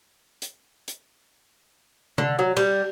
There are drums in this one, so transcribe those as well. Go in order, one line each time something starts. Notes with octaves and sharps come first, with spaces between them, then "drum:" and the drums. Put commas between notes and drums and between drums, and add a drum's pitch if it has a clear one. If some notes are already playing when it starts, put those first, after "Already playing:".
drum: hi-hat
drum: hi-hat
D3, drum: tom C3
F#3
G3, drum: cymbal